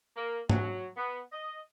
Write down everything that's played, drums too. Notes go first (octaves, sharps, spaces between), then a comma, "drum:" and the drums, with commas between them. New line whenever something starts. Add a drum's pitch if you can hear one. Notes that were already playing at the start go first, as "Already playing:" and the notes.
A#3
F#3, drum: tom G#2
B3
D#5